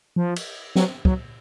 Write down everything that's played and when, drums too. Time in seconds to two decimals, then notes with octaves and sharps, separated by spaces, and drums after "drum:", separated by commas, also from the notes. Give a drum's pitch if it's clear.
0.16 F3
0.36 drum: cymbal
0.76 F#3, drum: snare
1.05 F#3, drum: kick